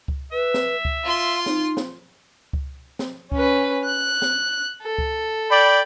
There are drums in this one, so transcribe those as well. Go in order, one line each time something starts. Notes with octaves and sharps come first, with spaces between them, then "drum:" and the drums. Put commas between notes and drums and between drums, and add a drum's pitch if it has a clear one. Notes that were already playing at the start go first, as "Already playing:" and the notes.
drum: kick C#2
B4 E5
drum: snare
drum: kick C#2
F4 F5 C6
D#4, drum: snare
drum: snare
drum: kick C#2
drum: snare
C#4 B4, drum: kick C#2
F#6
drum: snare
A4
drum: kick C#2
D5 G5 B5